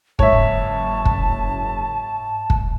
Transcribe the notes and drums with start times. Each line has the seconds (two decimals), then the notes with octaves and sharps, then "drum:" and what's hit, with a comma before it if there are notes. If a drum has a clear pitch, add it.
0.19 F#1 G#2 C#5 E5 A5, drum: kick
1.05 drum: kick
2.50 drum: kick